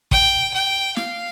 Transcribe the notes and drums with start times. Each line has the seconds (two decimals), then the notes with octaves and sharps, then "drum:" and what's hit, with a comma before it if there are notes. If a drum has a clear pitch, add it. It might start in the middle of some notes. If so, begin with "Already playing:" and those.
0.11 G5, drum: kick
0.54 G5
0.96 F5, drum: snare